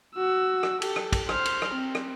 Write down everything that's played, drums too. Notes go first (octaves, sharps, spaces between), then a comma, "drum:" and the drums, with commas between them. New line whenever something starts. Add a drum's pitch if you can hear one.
F#4 E6
drum: rim click
G4 A4, drum: cymbal
drum: rim click
drum: kick, cymbal
C5 F6, drum: rim click
drum: cymbal
drum: rim click
C4
drum: rim click